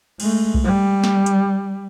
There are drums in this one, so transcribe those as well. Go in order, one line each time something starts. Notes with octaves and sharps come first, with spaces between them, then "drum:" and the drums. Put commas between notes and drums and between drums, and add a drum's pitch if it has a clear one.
G#3 A3, drum: cymbal
drum: kick B1
G3
drum: snare
drum: hi-hat